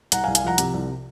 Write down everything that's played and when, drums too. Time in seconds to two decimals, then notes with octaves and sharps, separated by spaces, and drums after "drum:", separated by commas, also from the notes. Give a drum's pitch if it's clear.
0.12 C2 F#5 A#5, drum: hi-hat
0.24 F5 G#5
0.27 C2
0.35 F5 G#5, drum: hi-hat
0.43 F3 F#5 A#5
0.58 C3, drum: hi-hat
0.74 C2